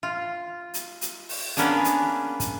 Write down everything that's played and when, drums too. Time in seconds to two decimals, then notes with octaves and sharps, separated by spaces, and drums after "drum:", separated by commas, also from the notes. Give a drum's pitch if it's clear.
0.03 F4
0.74 drum: hi-hat
1.01 drum: hi-hat
1.29 drum: open hi-hat
1.57 A#3 B3 C#4 D4 G#4, drum: hi-hat
1.84 drum: hi-hat
2.40 drum: kick, hi-hat